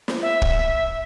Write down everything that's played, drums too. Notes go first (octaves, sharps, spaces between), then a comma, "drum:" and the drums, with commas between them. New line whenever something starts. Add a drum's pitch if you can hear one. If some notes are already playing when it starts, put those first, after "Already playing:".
drum: snare
E5
drum: kick